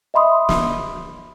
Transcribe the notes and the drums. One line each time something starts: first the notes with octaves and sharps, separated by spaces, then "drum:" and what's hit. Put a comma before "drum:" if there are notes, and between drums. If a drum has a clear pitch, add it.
D#5 E5 B5 C6 D#6
drum: snare